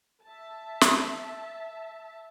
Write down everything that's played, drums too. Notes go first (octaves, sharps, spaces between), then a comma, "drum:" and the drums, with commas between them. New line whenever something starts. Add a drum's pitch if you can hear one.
E5 A5
drum: snare